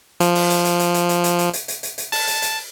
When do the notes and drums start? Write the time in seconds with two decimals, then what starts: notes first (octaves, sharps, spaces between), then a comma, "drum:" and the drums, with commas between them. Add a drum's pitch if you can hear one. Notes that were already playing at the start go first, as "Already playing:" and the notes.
0.20 F3, drum: hi-hat
0.35 drum: open hi-hat
0.50 drum: hi-hat
0.65 drum: hi-hat
0.79 drum: hi-hat
0.94 drum: hi-hat
1.09 drum: hi-hat
1.24 drum: hi-hat
1.39 drum: hi-hat
1.53 drum: hi-hat
1.68 drum: hi-hat
1.83 drum: hi-hat
1.98 drum: hi-hat
2.12 A5, drum: open hi-hat
2.27 drum: hi-hat
2.42 drum: hi-hat